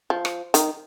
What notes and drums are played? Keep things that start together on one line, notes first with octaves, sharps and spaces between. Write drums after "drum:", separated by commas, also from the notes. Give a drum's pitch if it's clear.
F3
drum: rim click
D#3, drum: hi-hat